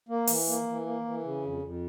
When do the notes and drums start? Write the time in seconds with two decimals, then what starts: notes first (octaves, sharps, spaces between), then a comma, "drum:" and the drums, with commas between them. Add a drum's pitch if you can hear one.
0.09 A#3
0.27 E3, drum: open hi-hat
0.47 A#3
0.67 E3
0.85 A#3
1.05 E3
1.23 C#3
1.42 F2
1.62 F2